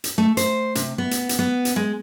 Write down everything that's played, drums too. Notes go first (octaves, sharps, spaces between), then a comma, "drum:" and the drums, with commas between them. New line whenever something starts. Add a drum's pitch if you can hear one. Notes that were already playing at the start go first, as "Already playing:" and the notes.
drum: hi-hat
A3
C5, drum: hi-hat
C3, drum: hi-hat
B3
drum: hi-hat
drum: hi-hat
B3
drum: hi-hat
G#3